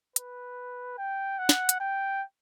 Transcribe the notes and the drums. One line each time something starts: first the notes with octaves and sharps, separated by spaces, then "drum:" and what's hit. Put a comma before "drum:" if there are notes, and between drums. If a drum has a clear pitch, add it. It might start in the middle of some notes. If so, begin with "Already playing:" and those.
B4, drum: hi-hat
G5
F#5
drum: snare
drum: hi-hat
G5